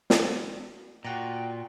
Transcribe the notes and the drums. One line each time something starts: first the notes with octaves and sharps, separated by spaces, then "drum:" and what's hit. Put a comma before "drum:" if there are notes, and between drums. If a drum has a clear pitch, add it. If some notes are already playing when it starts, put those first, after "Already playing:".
F#4, drum: snare
A#2 F#4 F#5 G5 A#5